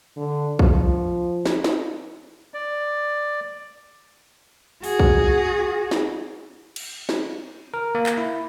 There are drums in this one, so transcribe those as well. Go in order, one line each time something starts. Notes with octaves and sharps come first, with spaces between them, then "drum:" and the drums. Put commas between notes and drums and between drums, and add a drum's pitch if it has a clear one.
D3
F3, drum: kick B1
drum: snare
drum: snare
D5
F#4 G#4, drum: open hi-hat
drum: kick B1
drum: snare
drum: cymbal
drum: snare
A#4
A#3
drum: clap
E4